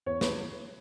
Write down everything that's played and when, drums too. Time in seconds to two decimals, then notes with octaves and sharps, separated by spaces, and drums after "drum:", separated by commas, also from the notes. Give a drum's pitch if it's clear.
0.06 E2 C#5
0.21 B4, drum: snare